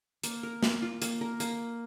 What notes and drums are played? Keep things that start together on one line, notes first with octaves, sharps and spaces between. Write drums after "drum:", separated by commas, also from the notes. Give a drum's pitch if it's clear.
A#3, drum: hi-hat
A#4
A#3, drum: snare
F4
A#3, drum: hi-hat
A#4
A#3, drum: hi-hat